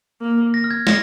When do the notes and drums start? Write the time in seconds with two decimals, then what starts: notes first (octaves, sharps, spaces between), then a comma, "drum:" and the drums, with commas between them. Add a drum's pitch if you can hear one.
0.21 A#3
0.54 A#6
0.64 F6
0.71 G#6
0.87 A#6, drum: snare